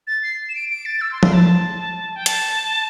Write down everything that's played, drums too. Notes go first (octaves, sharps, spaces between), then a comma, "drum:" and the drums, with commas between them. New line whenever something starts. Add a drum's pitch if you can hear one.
A6
C7
E7
D7
D7
A6
E6
C6
C6, drum: tom F3
A5
G5
A5, drum: hi-hat